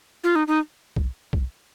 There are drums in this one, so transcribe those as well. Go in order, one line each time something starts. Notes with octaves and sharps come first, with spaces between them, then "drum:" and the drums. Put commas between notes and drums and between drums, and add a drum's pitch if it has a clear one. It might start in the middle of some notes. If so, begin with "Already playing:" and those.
F4
D#4
D#4
drum: kick
drum: kick